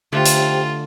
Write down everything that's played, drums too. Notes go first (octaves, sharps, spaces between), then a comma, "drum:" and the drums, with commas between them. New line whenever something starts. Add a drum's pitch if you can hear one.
D3 A3 F4 G4 C5 G5
drum: hi-hat